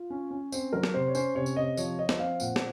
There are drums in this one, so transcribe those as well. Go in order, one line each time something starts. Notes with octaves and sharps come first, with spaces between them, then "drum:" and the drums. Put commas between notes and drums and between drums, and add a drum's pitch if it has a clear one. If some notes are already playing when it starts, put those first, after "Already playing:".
Already playing: F4
C#4
C#4
C4 C5, drum: tambourine
F#3 A#4
drum: snare
C3 C5
C#5
C#4 C5, drum: tambourine
C3 C#5
drum: tambourine
C3 D#5
F3 C#5, drum: tambourine
F3 D#5
drum: snare
C4 F5
A#2 F#5, drum: tambourine
drum: snare